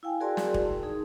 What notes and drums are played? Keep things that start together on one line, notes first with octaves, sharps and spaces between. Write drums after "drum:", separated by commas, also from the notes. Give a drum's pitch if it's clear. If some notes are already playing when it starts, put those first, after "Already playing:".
E4 F5 G5 G#5
F#4 G#4 A#4 D5 A5 C6
drum: snare
drum: kick E1
D#4 G#4